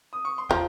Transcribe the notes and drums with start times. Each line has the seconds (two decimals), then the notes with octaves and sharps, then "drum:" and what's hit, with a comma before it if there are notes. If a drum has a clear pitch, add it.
0.13 D#6
0.25 C#6
0.38 C6
0.49 F3 G5 A#5, drum: kick